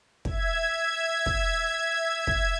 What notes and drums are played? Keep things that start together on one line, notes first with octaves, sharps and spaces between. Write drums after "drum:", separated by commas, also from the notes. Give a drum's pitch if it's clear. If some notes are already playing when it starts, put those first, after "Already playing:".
E5 G#6, drum: kick
drum: kick
drum: kick